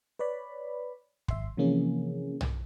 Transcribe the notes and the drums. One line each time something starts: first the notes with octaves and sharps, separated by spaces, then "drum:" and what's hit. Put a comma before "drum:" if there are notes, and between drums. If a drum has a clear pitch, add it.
B4 C#5 D5 B5
G#1 E5 C6, drum: kick
C3 E3 F3 A#3 C#4 G#4
drum: tom B1